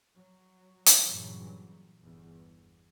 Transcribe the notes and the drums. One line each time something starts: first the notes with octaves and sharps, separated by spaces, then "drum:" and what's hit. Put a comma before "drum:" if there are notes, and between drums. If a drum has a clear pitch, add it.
F#3
drum: hi-hat
G2 A#2 C#3 E3 F#3
G1 E2